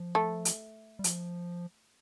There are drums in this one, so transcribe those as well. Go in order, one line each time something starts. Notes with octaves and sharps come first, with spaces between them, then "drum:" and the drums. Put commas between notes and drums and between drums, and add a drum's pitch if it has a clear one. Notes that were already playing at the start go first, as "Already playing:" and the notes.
Already playing: F3
A3
drum: hi-hat
G3
F3, drum: hi-hat